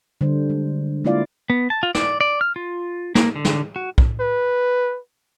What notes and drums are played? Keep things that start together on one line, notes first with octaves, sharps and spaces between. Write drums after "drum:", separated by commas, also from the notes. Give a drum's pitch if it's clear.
D3 G3 C5
G#3
G#3 A#3 E4 F4 D5 F5
B3
A5
F4
D5, drum: snare
D5
F6
F4
A#3, drum: snare
D3
drum: snare
F#4
drum: kick
B4